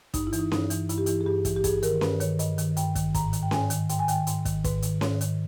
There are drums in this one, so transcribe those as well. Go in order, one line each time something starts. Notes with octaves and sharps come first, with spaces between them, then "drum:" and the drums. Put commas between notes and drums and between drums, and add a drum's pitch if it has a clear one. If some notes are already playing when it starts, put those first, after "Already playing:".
G2 D#4, drum: kick, hi-hat
E4
E3, drum: hi-hat
D#4
G2 D#4, drum: snare C#4
E3, drum: hi-hat
G2 E4, drum: hi-hat
G4
E3 E4, drum: hi-hat
G#4
G2 G4
E3, drum: kick, hi-hat
G4
G2 G#4, drum: kick, hi-hat
D#3 A#4, drum: hi-hat
G2 B4, drum: snare C#4
D#3 C#5, drum: hi-hat
G2 D#5, drum: hi-hat
D#3, drum: hi-hat
G2 G5, drum: hi-hat
D#3, drum: kick, hi-hat
G#2 A#5, drum: kick, hi-hat
D#3, drum: hi-hat
G5
G#2 G#5, drum: snare C#4
D#3, drum: hi-hat
G#2 G5, drum: hi-hat
G#5
D#3 G5, drum: hi-hat
G#2, drum: hi-hat
D#3, drum: kick, hi-hat
G#2 B4, drum: kick, hi-hat
D#3, drum: hi-hat
G#2 C#5, drum: snare C#4
D#3, drum: hi-hat